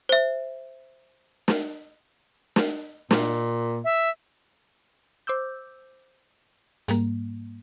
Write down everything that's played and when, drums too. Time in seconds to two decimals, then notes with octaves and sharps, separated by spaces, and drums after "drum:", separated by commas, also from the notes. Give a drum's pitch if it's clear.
0.09 C5 E5
1.48 drum: snare
2.56 drum: snare
3.11 A#2, drum: snare
3.84 E5
5.27 C5 D6 E6 G6
6.88 G#2 G3 A#3, drum: hi-hat